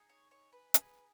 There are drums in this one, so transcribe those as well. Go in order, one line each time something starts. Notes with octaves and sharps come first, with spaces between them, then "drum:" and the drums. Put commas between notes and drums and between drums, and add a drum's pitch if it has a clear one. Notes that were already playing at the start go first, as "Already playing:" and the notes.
Already playing: D#4 G#4
C#5
C#5
B4
D#4 G#4 B4, drum: hi-hat